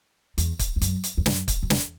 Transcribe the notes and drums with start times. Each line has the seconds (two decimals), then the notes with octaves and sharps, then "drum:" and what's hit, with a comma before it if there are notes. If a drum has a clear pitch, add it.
0.38 E2, drum: hi-hat
0.59 drum: kick, hi-hat
0.76 E2
0.81 F#2, drum: hi-hat
1.04 drum: hi-hat
1.18 E2
1.26 F#2, drum: snare
1.48 drum: kick, hi-hat
1.63 F#2
1.70 E2, drum: snare